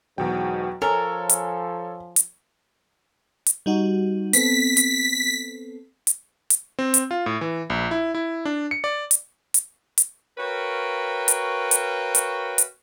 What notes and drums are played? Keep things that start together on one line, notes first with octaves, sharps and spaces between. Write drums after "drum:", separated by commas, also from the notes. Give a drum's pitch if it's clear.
E2 G#2 B2 F#3 G5
F3 A4 A#4 C#5 G#5
drum: hi-hat
drum: hi-hat
drum: hi-hat
G3 D#4 F#4
B3 C4 A4 B6, drum: hi-hat
drum: hi-hat
drum: hi-hat
drum: hi-hat
C4
drum: hi-hat
F4
A2
E3
A#1
E4
E4
D4
C#7
D5
drum: hi-hat
drum: hi-hat
drum: hi-hat
F#4 A#4 B4 C#5 F5 G5
drum: hi-hat
drum: hi-hat
drum: hi-hat
drum: hi-hat